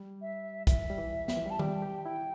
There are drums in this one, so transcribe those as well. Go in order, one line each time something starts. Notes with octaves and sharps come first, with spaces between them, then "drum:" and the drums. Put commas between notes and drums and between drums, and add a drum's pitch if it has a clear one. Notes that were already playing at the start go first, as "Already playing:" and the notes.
Already playing: G3
E5
E3 E5, drum: kick, hi-hat
G3
E3
G3, drum: snare
E3
G3 A5
G3 G5, drum: tom D#3
G4
E4 G5